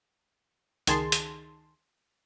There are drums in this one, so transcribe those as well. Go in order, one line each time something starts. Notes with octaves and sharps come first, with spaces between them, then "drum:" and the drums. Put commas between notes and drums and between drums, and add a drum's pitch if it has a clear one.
C#2 D#3 G#4 A5 C6, drum: hi-hat
drum: hi-hat